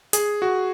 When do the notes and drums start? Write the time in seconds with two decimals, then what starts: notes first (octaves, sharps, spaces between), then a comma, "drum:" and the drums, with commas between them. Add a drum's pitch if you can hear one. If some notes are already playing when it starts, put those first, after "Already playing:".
0.13 G#4, drum: hi-hat
0.42 F#4